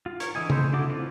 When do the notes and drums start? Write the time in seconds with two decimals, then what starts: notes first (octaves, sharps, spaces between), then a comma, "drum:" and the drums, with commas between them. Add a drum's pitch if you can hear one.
0.06 F4
0.20 A#4 C#5, drum: hi-hat
0.35 D3 E3 E4 D#5 G#5
0.50 C4 C#4 A4 B4 C5, drum: tom C#3
0.73 D4 E4 F#4 A4 D6
0.90 C4 E4 F4 A4 B4